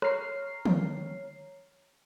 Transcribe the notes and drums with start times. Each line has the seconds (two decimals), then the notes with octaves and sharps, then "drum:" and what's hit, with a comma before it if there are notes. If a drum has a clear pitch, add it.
0.02 C#5 A#5 F6 C7, drum: rim click
0.66 drum: tom